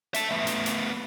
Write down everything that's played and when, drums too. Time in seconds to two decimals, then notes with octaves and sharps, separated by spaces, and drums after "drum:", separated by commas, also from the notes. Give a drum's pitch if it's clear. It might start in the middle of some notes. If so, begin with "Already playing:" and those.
0.14 E5 A5, drum: hi-hat
0.31 A3 B3
0.47 drum: hi-hat
0.66 drum: hi-hat